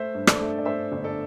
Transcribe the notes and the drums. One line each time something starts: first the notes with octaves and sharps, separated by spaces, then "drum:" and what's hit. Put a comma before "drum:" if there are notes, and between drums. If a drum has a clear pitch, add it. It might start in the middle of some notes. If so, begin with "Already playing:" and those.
Already playing: A3 C5 E5
G2
A4 D5, drum: rim click
A3
D5
A3 C5 E5
G1
A4 D5